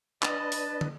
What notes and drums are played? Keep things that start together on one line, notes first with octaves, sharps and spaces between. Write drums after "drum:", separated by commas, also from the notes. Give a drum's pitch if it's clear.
D4 B4 D#5 A5, drum: clap
drum: open hi-hat
drum: tom